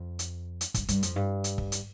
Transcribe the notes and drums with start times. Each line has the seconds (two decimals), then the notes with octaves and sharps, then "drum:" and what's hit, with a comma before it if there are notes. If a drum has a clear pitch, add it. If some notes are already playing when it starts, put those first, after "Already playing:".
Already playing: F2
0.19 drum: hi-hat
0.61 drum: hi-hat
0.74 G2, drum: kick, hi-hat
0.88 G2, drum: hi-hat
1.03 F2, drum: hi-hat
1.16 G2
1.44 drum: hi-hat
1.58 drum: kick
1.72 drum: hi-hat